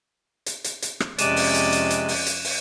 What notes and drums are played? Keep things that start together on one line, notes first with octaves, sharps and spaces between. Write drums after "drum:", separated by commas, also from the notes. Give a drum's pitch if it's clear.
drum: hi-hat
drum: hi-hat
drum: hi-hat
drum: rim click
F2 C3 G#3 C#4 D5 F#6 D#7 E7, drum: hi-hat
drum: open hi-hat
drum: hi-hat
drum: hi-hat
drum: hi-hat
drum: open hi-hat
drum: hi-hat
drum: open hi-hat